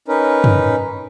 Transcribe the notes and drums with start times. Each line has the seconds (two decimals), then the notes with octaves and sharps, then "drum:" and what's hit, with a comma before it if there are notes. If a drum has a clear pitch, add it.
0.08 C#4 D#4 A#4 B4
0.44 drum: tom F#2